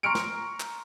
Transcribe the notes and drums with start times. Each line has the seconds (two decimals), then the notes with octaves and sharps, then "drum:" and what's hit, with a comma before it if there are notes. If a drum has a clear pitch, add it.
0.03 A#5 C6 C#6 F6 C#7 D7
0.15 drum: snare
0.60 drum: clap